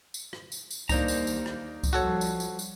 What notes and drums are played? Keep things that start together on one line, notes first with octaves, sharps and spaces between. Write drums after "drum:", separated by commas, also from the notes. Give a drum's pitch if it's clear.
drum: tambourine
drum: rim click
drum: tambourine
drum: tambourine
D#2 G3 A#3 D4 D#4 C5 A#5, drum: kick C2, tambourine
drum: tambourine
drum: tambourine
drum: rim click
drum: kick C2, tambourine
F3 G3 F#4 A4 C#5
drum: tambourine
drum: tambourine
drum: tambourine